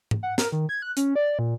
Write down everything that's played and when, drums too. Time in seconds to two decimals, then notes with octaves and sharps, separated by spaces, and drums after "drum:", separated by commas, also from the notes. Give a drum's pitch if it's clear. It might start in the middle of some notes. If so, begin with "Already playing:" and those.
0.11 drum: tom G#2
0.23 F#5
0.38 A#4, drum: snare
0.52 D#3
0.69 G#6
0.82 F#6
0.97 C#4, drum: hi-hat
1.16 D5
1.39 A#2